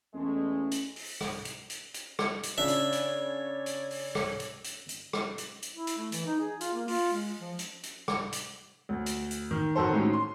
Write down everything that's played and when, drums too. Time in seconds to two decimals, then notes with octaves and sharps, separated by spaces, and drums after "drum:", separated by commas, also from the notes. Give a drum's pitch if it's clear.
0.15 E2 G#3 A3 C#4
0.72 drum: hi-hat
0.96 drum: open hi-hat
1.21 drum: rim click
1.45 drum: hi-hat
1.70 drum: hi-hat
1.94 drum: hi-hat
2.19 drum: rim click
2.43 drum: hi-hat
2.58 C#3 D4 C#5 D5 E5
2.68 drum: hi-hat
2.92 drum: hi-hat
3.66 drum: hi-hat
3.91 drum: open hi-hat
4.15 drum: rim click
4.40 drum: hi-hat
4.64 drum: hi-hat
4.89 drum: hi-hat
5.13 drum: rim click
5.38 drum: hi-hat
5.63 drum: hi-hat
5.76 E4
5.87 drum: hi-hat
5.98 A3
6.12 E3, drum: hi-hat
6.26 D#4
6.41 G#4
6.61 F4, drum: hi-hat
6.74 A#3
6.88 F4, drum: open hi-hat
7.13 G#3
7.41 F3
7.59 drum: hi-hat
7.83 drum: hi-hat
8.08 drum: rim click
8.33 drum: hi-hat
8.89 D2
9.06 drum: hi-hat
9.31 drum: hi-hat
9.51 D#3
9.76 D#3 F#4 A4 C5
9.93 A2 G#3 C#4 D#4 G4
10.13 C6